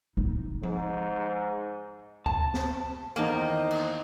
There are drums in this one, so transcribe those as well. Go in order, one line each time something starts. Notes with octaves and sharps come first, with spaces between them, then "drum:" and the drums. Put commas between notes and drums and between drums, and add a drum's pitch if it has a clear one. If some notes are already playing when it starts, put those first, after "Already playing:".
D#4
G#2, drum: tom F3
A5, drum: kick C#2
drum: snare
E2 D#3 A#3 D#4 C5 D#5 A5
drum: cymbal